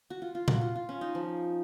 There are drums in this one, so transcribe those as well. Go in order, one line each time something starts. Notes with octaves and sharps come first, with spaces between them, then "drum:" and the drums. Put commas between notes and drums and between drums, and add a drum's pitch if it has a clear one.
F#4
F4
F4
F#4, drum: tom A#2
F4
F4
C#4
D#4
F3